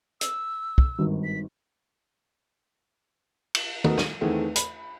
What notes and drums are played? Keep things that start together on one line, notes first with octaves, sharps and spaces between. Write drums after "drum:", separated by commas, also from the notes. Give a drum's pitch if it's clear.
E6, drum: hi-hat
drum: kick
G#1 G2 D#3
B6
drum: cymbal
A3 B3 D#4 F#4 A#4, drum: tom
D#7, drum: snare
E2 D#3 E3 A3 C4 G#4
B5, drum: hi-hat